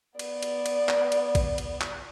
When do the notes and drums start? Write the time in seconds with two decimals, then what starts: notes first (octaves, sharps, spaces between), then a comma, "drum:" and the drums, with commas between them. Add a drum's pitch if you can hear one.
0.19 B3 D5, drum: cymbal
0.43 drum: cymbal
0.66 drum: cymbal
0.89 drum: clap
1.12 drum: cymbal
1.35 drum: kick, cymbal
1.58 drum: cymbal
1.81 drum: clap